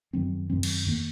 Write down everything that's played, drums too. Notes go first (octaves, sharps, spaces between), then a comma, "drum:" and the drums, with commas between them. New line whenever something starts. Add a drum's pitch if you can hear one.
F#2 D#3 F#3 C4
F#2 D#3 F#3 C4
drum: cymbal
F2 D#3 A#3